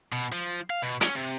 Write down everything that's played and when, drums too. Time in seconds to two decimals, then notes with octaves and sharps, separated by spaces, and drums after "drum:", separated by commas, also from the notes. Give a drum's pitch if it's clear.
0.12 B2
0.32 F3
0.70 F5
0.82 B2
1.01 C#4, drum: hi-hat
1.15 C3